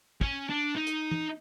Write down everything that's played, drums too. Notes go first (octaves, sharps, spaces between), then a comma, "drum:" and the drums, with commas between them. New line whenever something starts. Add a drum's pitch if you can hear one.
C#4, drum: kick
D4
D#4
drum: hi-hat
drum: tom